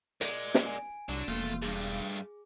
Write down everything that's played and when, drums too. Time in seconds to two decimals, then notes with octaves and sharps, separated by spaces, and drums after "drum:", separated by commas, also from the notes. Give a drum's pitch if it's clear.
0.21 G#3 A#4 D5, drum: hi-hat
0.55 drum: snare
0.66 G#5
1.09 C2 D3 F#3 D4
1.28 E1 F2 A3 A#3 F4
1.62 G2 A3 F4 G#4